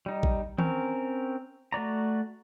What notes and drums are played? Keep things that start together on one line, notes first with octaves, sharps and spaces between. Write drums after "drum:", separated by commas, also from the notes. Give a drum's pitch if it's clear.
G3 D#4
drum: kick A#1
C4 C#4 A#4, drum: tom D#3
A3 F#4 D5 A#5